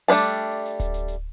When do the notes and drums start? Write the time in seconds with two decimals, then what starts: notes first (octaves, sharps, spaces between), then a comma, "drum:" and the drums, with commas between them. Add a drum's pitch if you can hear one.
0.08 G3 A3 D4 B4 A5
0.23 drum: hi-hat
0.37 drum: open hi-hat
0.51 drum: open hi-hat
0.65 drum: hi-hat
0.80 drum: kick D1, hi-hat
0.94 drum: hi-hat
1.08 drum: hi-hat